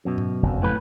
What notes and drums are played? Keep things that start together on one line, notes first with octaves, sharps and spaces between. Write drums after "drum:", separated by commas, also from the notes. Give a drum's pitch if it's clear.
F#2 B2
drum: tom G2
F#1 F2
A2 B4 B5